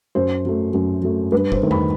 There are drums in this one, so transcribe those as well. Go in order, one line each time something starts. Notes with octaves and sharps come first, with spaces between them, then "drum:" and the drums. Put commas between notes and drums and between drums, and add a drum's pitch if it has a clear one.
F#2 C5
F#3 A3
F#2
F#3 A3
G2 B4
C5, drum: kick F1
D#3 A3
B5, drum: tom E2